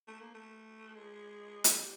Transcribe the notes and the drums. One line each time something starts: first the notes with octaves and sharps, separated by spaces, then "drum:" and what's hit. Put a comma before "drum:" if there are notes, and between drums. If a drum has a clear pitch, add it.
A3
A#3
A3
G#3
drum: hi-hat
F#3
G3